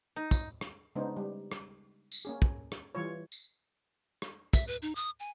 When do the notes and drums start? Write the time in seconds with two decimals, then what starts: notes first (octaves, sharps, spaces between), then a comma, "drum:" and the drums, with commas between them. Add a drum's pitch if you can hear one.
0.16 D#4
0.31 drum: kick, tambourine
0.61 drum: rim click
0.95 C#3 G#3 B3 D4 D#4 C5
1.17 G3
1.52 drum: rim click
2.12 drum: tambourine
2.25 A#3 C#4 G#4
2.42 drum: kick
2.72 drum: rim click
2.95 E3 G3 F4 C#5
3.32 drum: tambourine
4.22 drum: rim click
4.53 E5, drum: kick, tambourine
4.67 B4
4.82 D#4
4.95 D#6
5.20 G#5